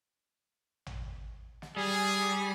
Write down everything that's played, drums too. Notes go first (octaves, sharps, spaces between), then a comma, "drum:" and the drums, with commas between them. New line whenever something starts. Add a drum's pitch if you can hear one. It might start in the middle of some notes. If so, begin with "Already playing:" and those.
drum: tom A1
drum: snare
G3 G#4